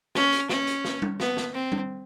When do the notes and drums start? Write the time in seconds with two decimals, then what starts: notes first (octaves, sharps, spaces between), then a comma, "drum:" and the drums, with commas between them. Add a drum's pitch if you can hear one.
0.15 C#4, drum: snare
0.32 drum: hi-hat
0.50 C#4, drum: snare
0.67 drum: hi-hat
0.85 drum: snare
1.02 drum: tom G3
1.20 B3, drum: snare
1.37 drum: snare
1.54 C4
1.72 drum: tom G3